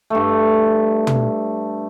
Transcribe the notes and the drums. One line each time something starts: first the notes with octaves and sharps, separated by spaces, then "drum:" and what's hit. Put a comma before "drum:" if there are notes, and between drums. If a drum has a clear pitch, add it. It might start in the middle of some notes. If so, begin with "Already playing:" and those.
G2 A3
drum: tom